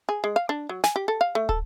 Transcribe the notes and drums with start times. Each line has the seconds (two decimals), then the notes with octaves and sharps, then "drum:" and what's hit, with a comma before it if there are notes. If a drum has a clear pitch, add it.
0.09 G#4
0.24 G#3
0.36 F5
0.49 D4
0.69 F#3
0.84 G#5, drum: snare
0.96 G4
1.08 A4
1.21 F5
1.35 A3
1.49 A4, drum: kick